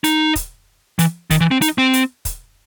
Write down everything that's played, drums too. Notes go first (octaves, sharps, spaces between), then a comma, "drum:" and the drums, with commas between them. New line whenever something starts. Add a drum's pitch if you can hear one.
D#4, drum: hi-hat
drum: kick, hi-hat
E3, drum: hi-hat
D#3, drum: kick, hi-hat
E3
C4
D#4, drum: hi-hat
C4
drum: hi-hat
drum: kick, hi-hat